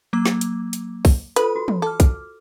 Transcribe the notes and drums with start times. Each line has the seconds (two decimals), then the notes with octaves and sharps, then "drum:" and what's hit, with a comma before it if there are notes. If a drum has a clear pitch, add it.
0.13 F#3 A#3 D6
0.26 drum: snare
0.41 drum: hi-hat
0.73 drum: hi-hat
1.05 drum: kick, open hi-hat
1.36 F4 A4 B4 C5 B5, drum: hi-hat
1.55 F#4
1.68 drum: tom
1.82 A4 D6 F6
2.00 drum: kick, hi-hat